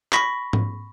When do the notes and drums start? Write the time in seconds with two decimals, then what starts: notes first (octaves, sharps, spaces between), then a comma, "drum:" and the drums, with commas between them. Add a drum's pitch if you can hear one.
0.13 B5 C#6 A#6 B6, drum: clap
0.53 drum: tom G#2